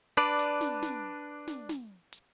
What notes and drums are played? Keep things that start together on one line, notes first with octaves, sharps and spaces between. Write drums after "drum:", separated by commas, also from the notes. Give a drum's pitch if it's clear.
D4 B4 D5
drum: hi-hat
drum: snare
drum: snare
drum: snare
drum: snare
drum: hi-hat